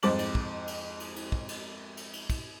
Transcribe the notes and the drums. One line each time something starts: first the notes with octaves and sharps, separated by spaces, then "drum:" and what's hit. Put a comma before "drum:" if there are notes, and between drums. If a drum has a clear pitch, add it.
F2 G#2 C5 D6 A6 F#7, drum: cymbal
drum: cymbal
drum: kick
drum: cymbal
drum: cymbal
drum: cymbal
drum: kick
drum: cymbal
drum: cymbal
drum: cymbal
drum: kick, cymbal